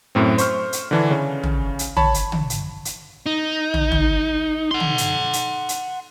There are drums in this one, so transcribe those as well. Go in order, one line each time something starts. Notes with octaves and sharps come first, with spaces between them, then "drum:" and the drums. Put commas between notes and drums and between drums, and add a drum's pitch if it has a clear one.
F#2 A2 C4
C5 C#6 F6, drum: hi-hat
drum: hi-hat
D3 E3 D4
C#3 C#4
drum: tom
drum: hi-hat
C#5 A5 B5, drum: tom
drum: hi-hat
drum: tom
drum: hi-hat
drum: hi-hat
D#4
drum: tom
drum: tom
F#5 C6
drum: tom
drum: hi-hat
drum: hi-hat
drum: hi-hat